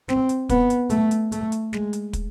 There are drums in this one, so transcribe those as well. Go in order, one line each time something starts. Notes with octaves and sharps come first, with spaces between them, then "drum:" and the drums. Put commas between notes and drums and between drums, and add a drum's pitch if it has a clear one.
C4, drum: snare
drum: hi-hat
B3, drum: kick, hi-hat
drum: hi-hat
A3, drum: hi-hat
drum: hi-hat
A3, drum: hi-hat
drum: hi-hat
G#3, drum: snare
drum: hi-hat
drum: kick, hi-hat